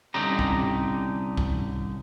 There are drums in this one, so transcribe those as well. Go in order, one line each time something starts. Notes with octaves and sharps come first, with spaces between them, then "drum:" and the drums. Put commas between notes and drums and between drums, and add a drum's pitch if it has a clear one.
C2 D3 C#4 D#4 G4 A#5
drum: kick C2
drum: kick C2